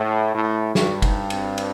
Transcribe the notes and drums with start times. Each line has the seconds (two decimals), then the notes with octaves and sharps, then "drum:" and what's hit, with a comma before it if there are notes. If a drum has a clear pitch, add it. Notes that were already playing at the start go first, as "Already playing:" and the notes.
Already playing: A2 E4
0.34 A2
0.75 G2 F#4, drum: snare
1.02 D#4, drum: kick F#1, cymbal
1.30 C4, drum: cymbal
1.58 drum: cymbal